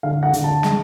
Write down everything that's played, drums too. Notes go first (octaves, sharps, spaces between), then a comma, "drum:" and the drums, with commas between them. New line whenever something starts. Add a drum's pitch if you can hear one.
D3 F5
F#5
D3, drum: hi-hat
A5
G#3, drum: snare